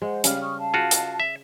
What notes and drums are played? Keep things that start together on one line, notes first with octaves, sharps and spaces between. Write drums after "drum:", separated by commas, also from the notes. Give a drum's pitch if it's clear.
G#3 C5 F#5
C#3 G3 F5 F6, drum: hi-hat
C#6 D#6 F6
F5 A5
F4 F#4 G#4
drum: hi-hat
E5